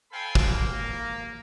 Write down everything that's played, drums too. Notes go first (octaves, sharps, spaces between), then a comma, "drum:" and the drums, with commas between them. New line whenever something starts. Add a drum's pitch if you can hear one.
A4 C5 F5 G5 G#5 B5
drum: kick
A#3